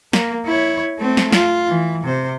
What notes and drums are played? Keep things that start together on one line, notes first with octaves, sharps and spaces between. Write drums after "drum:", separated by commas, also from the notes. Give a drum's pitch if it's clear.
A#3, drum: snare
E4 C#5
A3 C4
drum: snare
F4, drum: snare
E3
C3 C5